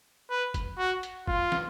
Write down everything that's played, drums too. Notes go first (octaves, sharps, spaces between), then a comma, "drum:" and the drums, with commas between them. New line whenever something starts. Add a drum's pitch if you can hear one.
B4
drum: kick, hi-hat
F#4
drum: hi-hat
F4, drum: kick
drum: snare